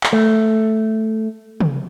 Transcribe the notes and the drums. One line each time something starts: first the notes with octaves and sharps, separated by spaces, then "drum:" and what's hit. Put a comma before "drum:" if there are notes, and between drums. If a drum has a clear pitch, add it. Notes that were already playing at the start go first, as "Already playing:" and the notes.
drum: clap
A3
drum: tom